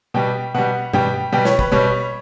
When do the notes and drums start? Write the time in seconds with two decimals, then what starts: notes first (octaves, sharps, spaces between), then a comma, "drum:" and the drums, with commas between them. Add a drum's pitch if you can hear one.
0.14 B2 G3 G5
0.54 B2 G3 F#5
0.93 B2 G3 G5, drum: tom
1.32 B2 G3 G5
1.45 C#5, drum: snare
1.59 B4, drum: kick
1.72 B2 G3 C#5